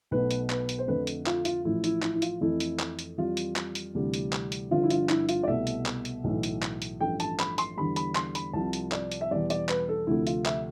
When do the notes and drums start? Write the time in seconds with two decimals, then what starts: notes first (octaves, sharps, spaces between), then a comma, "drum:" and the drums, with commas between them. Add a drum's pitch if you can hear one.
0.11 B1 B2 A3 B4
0.31 drum: hi-hat
0.50 B4, drum: clap
0.69 drum: hi-hat
0.79 C5
0.88 F2 D3 A3 B4
1.07 drum: hi-hat
1.26 F4, drum: clap
1.45 F4, drum: hi-hat
1.65 A1 A2 F3 E4
1.84 E4, drum: hi-hat
2.02 E4, drum: clap
2.15 E4
2.22 F4, drum: hi-hat
2.41 F2 E3 A3 E4
2.60 drum: hi-hat
2.80 drum: clap
2.99 drum: hi-hat
3.18 F2 E3 G3 F4
3.37 drum: hi-hat
3.56 drum: clap
3.75 drum: hi-hat
3.95 D2 C3 E3 G3
4.14 drum: hi-hat
4.33 drum: clap
4.52 drum: hi-hat
4.71 G1 G2 D3 F3 F4
4.84 E4
4.90 F4, drum: hi-hat
5.09 E4, drum: clap
5.29 F4, drum: hi-hat
5.43 D5
5.47 C2 B2 A3 E5
5.67 drum: hi-hat
5.86 drum: clap
6.05 drum: hi-hat
6.24 B1 A2 E3
6.43 drum: hi-hat
6.63 drum: clap
6.82 drum: hi-hat
7.00 A1 G2 F3 A3 G5
7.20 A5, drum: hi-hat
7.40 B5, drum: clap
7.58 C6, drum: hi-hat
7.77 E2 D3 G3 B5
7.96 B5, drum: hi-hat
8.15 C6, drum: clap
8.35 B5, drum: hi-hat
8.53 C2 C3 F3 A5
8.73 drum: hi-hat
8.92 D5, drum: clap
9.12 drum: hi-hat
9.21 E5
9.31 E2 B2 G3 D5
9.50 D5, drum: hi-hat
9.69 B4, drum: clap
9.89 A4
10.07 D2 C3 F3 A3 E4
10.27 F4, drum: hi-hat
10.46 E5, drum: clap